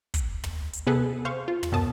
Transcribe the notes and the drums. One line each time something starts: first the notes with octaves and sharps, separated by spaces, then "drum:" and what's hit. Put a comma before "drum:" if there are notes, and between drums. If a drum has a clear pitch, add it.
drum: kick, hi-hat
drum: tom
drum: hi-hat
C3 B3 G#4 A4 B4
C5 F5 C#6
F4
drum: tom
F#2 B2 A5 D#6